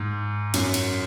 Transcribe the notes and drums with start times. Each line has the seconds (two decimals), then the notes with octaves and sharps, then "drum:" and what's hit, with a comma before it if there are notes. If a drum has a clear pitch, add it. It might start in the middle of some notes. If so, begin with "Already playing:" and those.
Already playing: G#2
0.54 F#2, drum: cymbal
0.74 drum: cymbal